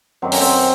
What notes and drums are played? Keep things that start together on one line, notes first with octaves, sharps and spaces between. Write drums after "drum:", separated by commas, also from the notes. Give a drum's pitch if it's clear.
F#2 D#3 F#3 C4
C#4, drum: open hi-hat
C4